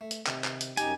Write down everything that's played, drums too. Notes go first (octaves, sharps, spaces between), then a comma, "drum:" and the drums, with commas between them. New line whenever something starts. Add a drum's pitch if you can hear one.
A3
drum: hi-hat
C3 D#3, drum: clap
drum: clap
drum: hi-hat
F#2 D#4 G4 G5 G#5 A#5, drum: hi-hat